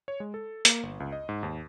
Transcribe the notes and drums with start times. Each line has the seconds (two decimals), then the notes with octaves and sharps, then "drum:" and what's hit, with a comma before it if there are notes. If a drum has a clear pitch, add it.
0.08 C#5
0.20 G#3
0.34 A4
0.65 A#3, drum: hi-hat
0.83 G1
1.00 C#2
1.12 D#5
1.29 G#2
1.43 D#2